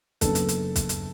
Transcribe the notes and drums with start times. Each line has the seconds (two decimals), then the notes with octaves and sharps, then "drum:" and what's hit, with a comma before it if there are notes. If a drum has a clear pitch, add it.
0.21 F#1 F#2 F#3 B3 D4 A4, drum: kick, hi-hat
0.35 drum: hi-hat
0.48 drum: hi-hat
0.76 drum: kick, hi-hat
0.89 drum: hi-hat